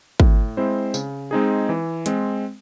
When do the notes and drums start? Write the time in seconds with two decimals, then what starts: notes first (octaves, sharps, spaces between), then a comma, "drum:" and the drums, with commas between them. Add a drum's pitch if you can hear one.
0.20 A2, drum: kick
0.57 G#3 C4 E4 C5
0.94 C#3, drum: tambourine
1.31 G#3 C4 D#4 G#4
1.69 E3
2.06 G#3 C4, drum: hi-hat